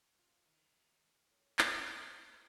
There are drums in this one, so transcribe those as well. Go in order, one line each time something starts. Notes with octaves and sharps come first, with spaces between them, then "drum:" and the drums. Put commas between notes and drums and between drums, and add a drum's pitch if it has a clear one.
F4
D#3
A2
drum: clap
B3